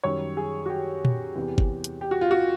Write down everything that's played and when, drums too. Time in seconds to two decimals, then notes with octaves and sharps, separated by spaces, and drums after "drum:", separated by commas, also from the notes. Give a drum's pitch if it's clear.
0.04 F#2 D#3 G3 C#5
0.37 G#4
0.66 F#4
0.70 G4
1.05 drum: tom A#2
1.35 E2 C3 E3
1.58 drum: kick
1.84 drum: hi-hat
2.01 G4
2.11 F#4
2.21 F4
2.31 F#4